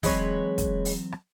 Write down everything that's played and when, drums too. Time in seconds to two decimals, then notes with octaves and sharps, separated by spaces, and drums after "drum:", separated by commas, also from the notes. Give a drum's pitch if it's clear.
0.03 E3 F#3 G#3 C4 B4 C#5, drum: kick, open hi-hat
0.58 drum: kick, hi-hat
0.85 drum: open hi-hat
1.12 drum: rim click